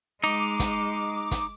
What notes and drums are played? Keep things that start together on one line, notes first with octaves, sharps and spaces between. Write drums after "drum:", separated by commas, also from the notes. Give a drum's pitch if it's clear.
G#3 D#4 D6
drum: kick, hi-hat
drum: kick, hi-hat